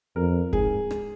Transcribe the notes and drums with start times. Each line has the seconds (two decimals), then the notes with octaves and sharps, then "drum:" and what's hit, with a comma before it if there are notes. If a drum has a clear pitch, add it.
0.16 F2 A#4
0.53 G#2 G#4, drum: kick
0.91 drum: rim click